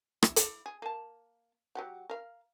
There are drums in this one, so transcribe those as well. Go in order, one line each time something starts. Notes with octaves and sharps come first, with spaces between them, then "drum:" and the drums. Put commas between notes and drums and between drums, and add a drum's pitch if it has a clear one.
E4, drum: rim click
drum: hi-hat
G#4
A#3 A5
F#3 G4 F#5
A#4 F5